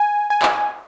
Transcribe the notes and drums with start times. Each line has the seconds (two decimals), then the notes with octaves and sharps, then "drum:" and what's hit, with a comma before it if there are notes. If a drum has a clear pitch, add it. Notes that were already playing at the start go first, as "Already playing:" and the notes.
Already playing: G#5
0.30 G#5
0.42 drum: clap